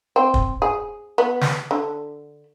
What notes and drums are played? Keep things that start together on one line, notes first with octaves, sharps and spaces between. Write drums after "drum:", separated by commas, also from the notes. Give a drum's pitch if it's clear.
C4
drum: kick
G#4
B3
drum: snare
D3